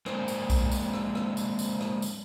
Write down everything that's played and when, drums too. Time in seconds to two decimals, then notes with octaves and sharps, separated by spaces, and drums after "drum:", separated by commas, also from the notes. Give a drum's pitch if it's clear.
0.06 G#3 A#3 C4 D4 C5, drum: rim click
0.28 drum: tambourine
0.50 drum: kick B1, tambourine
0.72 drum: tambourine
0.93 drum: rim click
1.15 drum: rim click
1.37 drum: tambourine
1.59 drum: tambourine
1.81 drum: rim click
2.02 drum: tambourine